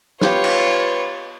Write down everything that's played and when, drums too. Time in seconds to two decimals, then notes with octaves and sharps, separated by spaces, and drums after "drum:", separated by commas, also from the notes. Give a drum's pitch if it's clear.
0.21 B3 F4 G4 B4 C#5 F5, drum: snare
0.44 drum: cymbal